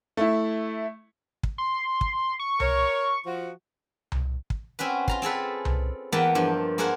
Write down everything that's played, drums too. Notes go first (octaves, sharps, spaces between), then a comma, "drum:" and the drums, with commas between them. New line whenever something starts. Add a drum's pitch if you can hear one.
A3 E4
drum: kick
C6
drum: kick
C#6
A#4 C#5, drum: tom C2
F3 F#4
drum: tom C2
drum: kick
C4 C#4 F#4 B4
F4 A#5 C6, drum: kick
C4 G#4 A4 B4
drum: tom C2
E2 A#3 B3 F#5 G5 A5
G2 F3 C5
A#3 G#4 A#4 C5 F#5 A5